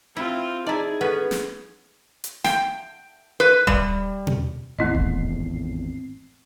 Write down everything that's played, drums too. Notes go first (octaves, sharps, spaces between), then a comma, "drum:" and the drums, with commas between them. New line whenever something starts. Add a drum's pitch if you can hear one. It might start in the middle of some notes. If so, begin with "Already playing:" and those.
C4 E4 F4
D#4 E4 G#4 D5 D#5 A#5
B3 C#4 A4 B4 F#5
drum: snare
drum: hi-hat
G5, drum: snare
B4
G3, drum: kick D#1
drum: tom B2
G#1 E2 A2 A3 C4 E4 D#5 C7
drum: kick D#1